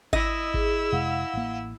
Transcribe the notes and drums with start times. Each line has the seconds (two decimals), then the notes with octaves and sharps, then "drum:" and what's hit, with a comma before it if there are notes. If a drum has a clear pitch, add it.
0.13 E4 D#5 E6, drum: kick G#1
0.54 G#4, drum: kick G#1
0.92 F2 C3 G#3 F5 F#5
1.34 A1 A#3